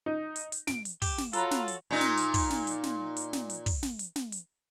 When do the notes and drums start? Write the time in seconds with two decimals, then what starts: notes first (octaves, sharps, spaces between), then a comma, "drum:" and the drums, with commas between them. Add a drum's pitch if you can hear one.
0.06 D#4
0.36 drum: hi-hat
0.52 drum: hi-hat
0.67 D7, drum: snare
0.85 drum: hi-hat
1.02 G4 E7, drum: kick, open hi-hat
1.18 drum: snare
1.33 F4 F#4 A4 C#5 A#5 B5 F#6, drum: hi-hat
1.51 drum: snare
1.68 drum: hi-hat
1.91 A#2 D#4
2.01 drum: snare
2.17 drum: hi-hat
2.34 drum: kick, open hi-hat
2.50 drum: snare
2.67 drum: hi-hat
2.83 drum: snare
3.17 drum: hi-hat
3.33 drum: snare
3.50 drum: hi-hat
3.66 drum: kick, open hi-hat
3.83 drum: snare
3.99 drum: hi-hat
4.16 drum: snare
4.32 drum: hi-hat